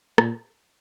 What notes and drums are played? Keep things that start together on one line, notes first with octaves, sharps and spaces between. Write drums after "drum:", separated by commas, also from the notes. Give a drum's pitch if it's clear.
A#2, drum: rim click